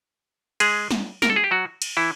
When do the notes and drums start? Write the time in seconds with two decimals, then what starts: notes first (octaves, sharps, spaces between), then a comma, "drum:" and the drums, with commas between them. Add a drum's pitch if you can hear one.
0.60 G#3 G#4, drum: cymbal
0.91 drum: snare
1.22 A#4, drum: snare
1.30 A4
1.36 G#4
1.44 G4
1.51 F#3 F#4
1.82 drum: cymbal
1.97 E3 E4